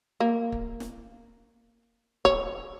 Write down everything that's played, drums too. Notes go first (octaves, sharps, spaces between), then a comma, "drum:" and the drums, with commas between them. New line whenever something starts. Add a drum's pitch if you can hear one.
A#3
drum: kick
drum: snare
C#5, drum: kick